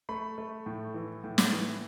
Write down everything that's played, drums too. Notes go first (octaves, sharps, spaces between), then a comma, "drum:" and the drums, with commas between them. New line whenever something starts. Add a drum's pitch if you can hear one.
A3 B5
A3
A2
E3
A2
drum: snare
E3